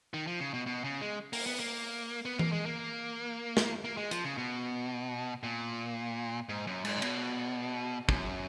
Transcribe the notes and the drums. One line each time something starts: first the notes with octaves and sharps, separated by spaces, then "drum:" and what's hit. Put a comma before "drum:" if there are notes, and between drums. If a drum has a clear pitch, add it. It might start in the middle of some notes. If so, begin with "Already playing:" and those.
D#3
F3
C#3
B2
B2
C#3
G#3
A#3, drum: open hi-hat
B3
A#3
B3
A#3, drum: tom E3
G#3
A#3
drum: snare
A#3
G#3
F3, drum: hi-hat
C#3
B2
A#2
G#2
F#2
G#2, drum: cymbal
C#3
B2, drum: cymbal
F#2, drum: kick